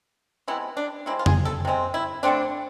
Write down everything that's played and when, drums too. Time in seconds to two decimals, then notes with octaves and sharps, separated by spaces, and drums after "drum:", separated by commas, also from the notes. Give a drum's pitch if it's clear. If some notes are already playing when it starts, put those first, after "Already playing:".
0.48 C3 G#3 B3 E4
0.77 D4
1.06 C3 G#3 C4 E4
1.19 F4
1.26 G#4, drum: tom F2
1.45 A4
1.65 C3 G#3 C4
1.94 E4
2.23 D3 A3 C4 D4